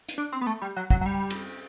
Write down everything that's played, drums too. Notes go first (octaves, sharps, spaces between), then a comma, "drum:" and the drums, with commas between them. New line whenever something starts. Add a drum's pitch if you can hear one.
drum: hi-hat
D4
C4
B3
A3
G3
F#3
F#3, drum: kick
F#3
G3
drum: cymbal